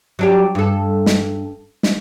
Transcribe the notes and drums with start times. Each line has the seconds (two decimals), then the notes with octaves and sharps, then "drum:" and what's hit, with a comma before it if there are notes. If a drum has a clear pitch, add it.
0.19 F#3 D4 G4
0.55 G2 A4
1.06 drum: snare
1.83 drum: snare